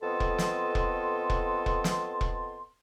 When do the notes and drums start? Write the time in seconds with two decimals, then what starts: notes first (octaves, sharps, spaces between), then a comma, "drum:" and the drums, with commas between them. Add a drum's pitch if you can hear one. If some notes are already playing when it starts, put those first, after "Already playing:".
0.02 F2 B3 A4 D#5 A5 C6
0.20 drum: kick E1
0.38 drum: snare
0.75 drum: kick E1
1.30 drum: kick E1
1.66 drum: kick E1
1.84 drum: snare
2.21 drum: kick E1